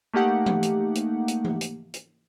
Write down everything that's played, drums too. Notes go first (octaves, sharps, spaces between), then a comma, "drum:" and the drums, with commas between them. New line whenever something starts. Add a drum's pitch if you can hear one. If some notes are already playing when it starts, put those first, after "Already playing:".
A3 A#3 D#4 G4 F#5
drum: tom E3
drum: hi-hat
drum: hi-hat
drum: hi-hat
drum: tom E3
drum: hi-hat
drum: hi-hat